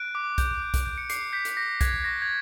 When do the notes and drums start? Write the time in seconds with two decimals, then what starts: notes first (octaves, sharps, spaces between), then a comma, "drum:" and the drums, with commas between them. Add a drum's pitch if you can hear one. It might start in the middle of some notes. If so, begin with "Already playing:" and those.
Already playing: F#6 D7
0.15 D6
0.38 G6, drum: kick B1, hi-hat
0.62 D6
0.74 drum: kick B1, hi-hat
0.86 G6
0.98 C#7
1.10 D6 C7, drum: hi-hat
1.33 G6 B6
1.45 drum: hi-hat
1.57 D6 A#6
1.81 F#6 G#6, drum: kick B1, hi-hat
2.04 C#6 A#6
2.22 G#6